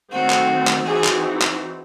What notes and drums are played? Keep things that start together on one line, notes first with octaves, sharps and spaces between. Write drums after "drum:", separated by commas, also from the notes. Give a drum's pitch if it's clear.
D#3 F#3 A3 C4 F#4
drum: clap
drum: clap
E3 C4 D#4 F#4 G#4
drum: clap
drum: clap